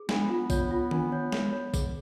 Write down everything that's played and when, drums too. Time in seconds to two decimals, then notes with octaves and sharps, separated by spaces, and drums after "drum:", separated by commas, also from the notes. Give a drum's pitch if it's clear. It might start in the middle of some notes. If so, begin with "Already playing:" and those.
Already playing: G#4
0.09 B3 D4, drum: snare
0.30 F4
0.50 C#5, drum: kick, tambourine
0.71 F4
0.91 D4, drum: tom D#3
1.12 C#5
1.32 C#5, drum: snare
1.53 C#5
1.74 G#4, drum: kick, tambourine